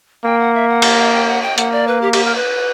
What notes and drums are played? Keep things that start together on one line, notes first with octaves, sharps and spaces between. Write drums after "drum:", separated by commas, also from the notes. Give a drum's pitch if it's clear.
A#3 G5
F#5
E5
F#5
drum: cymbal
G5
F#5
G5
A#3 F#5, drum: hi-hat
D5
B4
G4
G4, drum: cymbal
A#4
B4